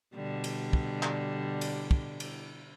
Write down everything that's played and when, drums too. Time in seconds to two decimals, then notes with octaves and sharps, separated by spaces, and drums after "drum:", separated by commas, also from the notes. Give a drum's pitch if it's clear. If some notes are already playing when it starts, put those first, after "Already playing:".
0.14 B2 D3 G3
0.44 drum: cymbal
0.73 drum: kick
1.03 drum: clap
1.61 drum: cymbal
1.91 drum: kick
2.20 drum: cymbal